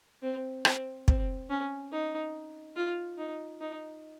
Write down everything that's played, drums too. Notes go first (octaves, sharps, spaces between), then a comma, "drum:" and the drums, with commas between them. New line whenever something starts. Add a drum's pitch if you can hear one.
C4
C4, drum: rim click
C4, drum: kick
C#4
D#4
F4
D#4
D#4